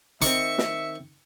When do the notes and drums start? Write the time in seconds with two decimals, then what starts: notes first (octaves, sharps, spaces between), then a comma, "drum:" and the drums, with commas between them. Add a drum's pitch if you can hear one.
0.22 D#3 C4 E5 C#6, drum: hi-hat
0.58 drum: snare